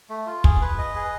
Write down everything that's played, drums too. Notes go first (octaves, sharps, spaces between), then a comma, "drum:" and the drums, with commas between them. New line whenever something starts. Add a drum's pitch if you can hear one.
A3
F4
G#4, drum: kick
B4
D#5
G#4